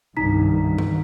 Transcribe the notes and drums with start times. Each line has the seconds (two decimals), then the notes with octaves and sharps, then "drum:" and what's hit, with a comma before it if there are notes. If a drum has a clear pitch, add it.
0.17 C2 G2 D#3 D#4 A#5 B6
0.78 drum: tom D#3